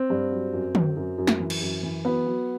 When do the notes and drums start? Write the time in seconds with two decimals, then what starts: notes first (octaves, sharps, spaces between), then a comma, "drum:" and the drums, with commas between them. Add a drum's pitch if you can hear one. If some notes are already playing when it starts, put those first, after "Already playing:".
Already playing: C4
0.10 G2
0.32 F#3
0.53 F#2
0.75 F#3, drum: tom
0.96 F#2
1.18 F#2
1.27 drum: snare
1.40 E3
1.50 drum: cymbal
1.61 F#2
1.83 E3
2.05 F#3 B3
2.26 F#3